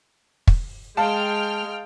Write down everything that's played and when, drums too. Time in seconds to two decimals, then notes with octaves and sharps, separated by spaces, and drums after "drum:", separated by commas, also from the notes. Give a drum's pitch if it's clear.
0.47 drum: kick
0.97 G#3 F5 G5 A5 F6